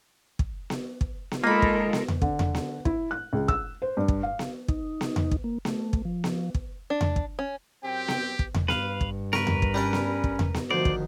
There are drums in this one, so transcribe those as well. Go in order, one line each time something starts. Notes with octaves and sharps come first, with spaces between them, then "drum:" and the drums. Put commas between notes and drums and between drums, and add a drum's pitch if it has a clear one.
drum: kick
drum: snare B3
drum: kick
drum: snare B3
G#3 A#3 D#4 F4 A4 A#4 B5
drum: kick
drum: snare B3
drum: tom E2
D3, drum: kick
drum: tom E2
drum: snare B3
E4, drum: kick
F#6
C#2
E6, drum: kick
C5
G2
drum: kick
F5
drum: snare B3
D#4, drum: kick
drum: snare B3
drum: tom E2
drum: kick
A#3
A3, drum: snare B3
drum: kick
F3
drum: snare B3
drum: kick
D4
drum: tom E2
drum: kick
C#4
F#2 C4 G4 G5
drum: snare B3
drum: kick
drum: tom E2
G2 B4 F5, drum: snare B3
drum: kick
A#4 B4 C#6, drum: snare B3
drum: tom E2
drum: kick
G3 C#4 D4 D5
drum: snare B3
drum: kick
drum: tom E2
drum: snare B3
D2 D#3 F3 C5 D5
drum: kick